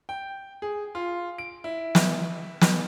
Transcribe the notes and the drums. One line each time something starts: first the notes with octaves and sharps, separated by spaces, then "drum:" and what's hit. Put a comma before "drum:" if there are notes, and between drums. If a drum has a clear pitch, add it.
G5
G#4
F4
D7
E4
drum: snare
drum: snare